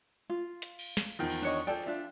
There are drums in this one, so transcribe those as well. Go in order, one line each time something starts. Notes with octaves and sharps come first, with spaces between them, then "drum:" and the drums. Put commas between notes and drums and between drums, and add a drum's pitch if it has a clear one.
F4
drum: hi-hat
drum: cymbal
drum: snare
E2 D#3 F3 G5
drum: cymbal
D4 C#5 D#5
F3 G#4 A4 D5 G5
D4 F4 E5